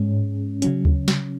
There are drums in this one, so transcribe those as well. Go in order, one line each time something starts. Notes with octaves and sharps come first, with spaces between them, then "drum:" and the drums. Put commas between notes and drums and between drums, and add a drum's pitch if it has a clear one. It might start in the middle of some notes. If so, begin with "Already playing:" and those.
Already playing: G#2 G#3 C#4
C#3 F#3 C#4, drum: hi-hat
drum: kick D2
drum: snare